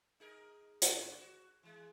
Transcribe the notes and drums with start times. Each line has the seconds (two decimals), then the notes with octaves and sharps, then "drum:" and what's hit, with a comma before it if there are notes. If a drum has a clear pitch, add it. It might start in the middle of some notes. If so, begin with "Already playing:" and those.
0.20 D#4 G#4 A#4
0.82 G2 D3 B3, drum: hi-hat
1.18 F#4
1.63 E3 G#3